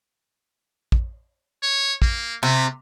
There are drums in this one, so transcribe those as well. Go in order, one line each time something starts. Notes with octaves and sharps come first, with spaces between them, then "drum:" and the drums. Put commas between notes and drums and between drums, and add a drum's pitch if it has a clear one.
drum: kick
C#5
A#3, drum: kick
C3 A3